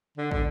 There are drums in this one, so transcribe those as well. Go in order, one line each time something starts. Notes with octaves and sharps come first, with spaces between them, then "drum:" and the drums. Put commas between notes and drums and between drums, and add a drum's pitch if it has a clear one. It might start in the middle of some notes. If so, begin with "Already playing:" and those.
D3
D3, drum: kick